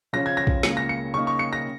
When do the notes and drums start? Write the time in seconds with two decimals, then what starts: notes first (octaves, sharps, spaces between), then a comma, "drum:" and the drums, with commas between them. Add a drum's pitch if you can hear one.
0.13 C#3 F3 C#4 F4 A#6
0.26 G#6
0.37 A#6
0.47 drum: kick
0.63 C#2 C#3 A#3 C#7, drum: snare
0.77 A#6
0.89 C#7
1.14 C#3 A#3 D#4 C#6
1.27 C#6
1.39 C#7
1.53 A#6